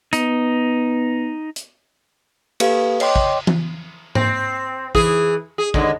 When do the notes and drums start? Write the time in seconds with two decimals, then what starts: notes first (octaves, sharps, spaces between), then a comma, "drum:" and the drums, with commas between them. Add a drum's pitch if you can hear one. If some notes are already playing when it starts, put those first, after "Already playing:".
0.13 B3 D#4, drum: hi-hat
1.56 drum: hi-hat
2.60 A#3 G4 A4 B4 F5, drum: cymbal
3.00 C#5 D#5 G5 C6 D6, drum: cymbal
3.16 drum: kick
3.47 drum: tom E3
4.15 C4, drum: tom G#2
4.95 E3 G#4, drum: kick
5.58 G#4
5.74 D#2 D3 G#3, drum: kick